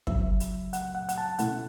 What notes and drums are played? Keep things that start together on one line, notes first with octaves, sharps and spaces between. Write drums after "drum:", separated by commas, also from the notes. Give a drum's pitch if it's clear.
C#2 C#3 F#3 E5, drum: kick
drum: hi-hat
F#5, drum: hi-hat
F#5
F#5, drum: hi-hat
A5
B2 A3 C#4 E4 F#5, drum: hi-hat